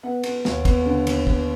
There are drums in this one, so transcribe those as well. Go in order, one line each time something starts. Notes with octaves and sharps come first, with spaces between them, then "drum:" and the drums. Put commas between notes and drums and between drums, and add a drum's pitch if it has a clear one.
B3 F#5
B3, drum: cymbal
D#2, drum: snare
B3, drum: kick, cymbal
D3
D#2, drum: cymbal
B3, drum: kick